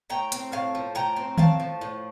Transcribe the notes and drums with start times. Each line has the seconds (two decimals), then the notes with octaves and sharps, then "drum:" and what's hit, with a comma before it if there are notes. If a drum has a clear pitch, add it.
0.10 A2 G5 A#5
0.32 C4, drum: hi-hat
0.52 A2 F5 A5
0.75 F3
0.95 A2 G5 A#5
1.16 C4
1.38 A2 F5 A5, drum: tom D#3
1.60 F3
1.81 A2